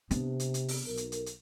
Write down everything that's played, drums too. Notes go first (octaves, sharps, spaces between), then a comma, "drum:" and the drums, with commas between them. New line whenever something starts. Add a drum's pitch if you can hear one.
C3 B3 D4, drum: hi-hat
drum: hi-hat
drum: hi-hat
drum: open hi-hat
B1 A#4
drum: hi-hat
drum: hi-hat
drum: hi-hat